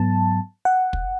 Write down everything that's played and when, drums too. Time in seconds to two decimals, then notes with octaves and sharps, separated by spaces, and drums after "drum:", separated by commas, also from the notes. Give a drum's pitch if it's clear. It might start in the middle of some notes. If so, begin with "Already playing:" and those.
Already playing: G#2 F#3 B3 A5
0.65 F#5
0.93 drum: kick